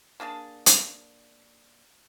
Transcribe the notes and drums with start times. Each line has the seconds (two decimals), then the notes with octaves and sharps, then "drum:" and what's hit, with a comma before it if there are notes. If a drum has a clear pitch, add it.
0.20 A#3 D4 G#4 A5
0.66 drum: hi-hat